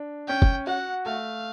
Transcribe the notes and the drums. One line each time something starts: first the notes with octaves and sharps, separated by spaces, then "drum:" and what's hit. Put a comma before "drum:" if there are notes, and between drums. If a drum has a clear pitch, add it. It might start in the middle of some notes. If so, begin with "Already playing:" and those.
Already playing: D4
C#4 G5
drum: kick
F#4 F#5
A3 F5